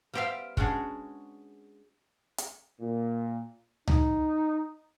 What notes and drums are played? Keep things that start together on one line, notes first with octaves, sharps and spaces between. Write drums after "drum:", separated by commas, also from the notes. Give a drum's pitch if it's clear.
G3 B3 G4 C5 E5 F5
G#3 C#4 D4 F#4 G#4, drum: kick
drum: hi-hat
A#2
D#4, drum: tom C#2